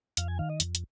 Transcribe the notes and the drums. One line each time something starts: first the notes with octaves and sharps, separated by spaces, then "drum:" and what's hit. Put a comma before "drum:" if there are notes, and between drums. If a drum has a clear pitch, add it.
F2 F5, drum: hi-hat
G#5
D#3 F5
D#5
F2, drum: hi-hat
drum: hi-hat